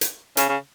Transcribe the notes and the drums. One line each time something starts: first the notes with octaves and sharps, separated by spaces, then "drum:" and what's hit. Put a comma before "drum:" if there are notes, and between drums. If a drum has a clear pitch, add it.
drum: hi-hat
C#3, drum: hi-hat
C#3